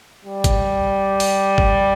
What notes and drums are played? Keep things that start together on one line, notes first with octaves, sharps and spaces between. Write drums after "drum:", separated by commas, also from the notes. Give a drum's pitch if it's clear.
G3
drum: kick, hi-hat
drum: open hi-hat
drum: kick